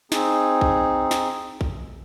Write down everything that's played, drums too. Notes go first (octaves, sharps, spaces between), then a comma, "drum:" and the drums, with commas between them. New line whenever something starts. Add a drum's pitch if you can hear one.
C4 D#4 G#4, drum: snare
drum: kick A#1
drum: snare
drum: kick A#1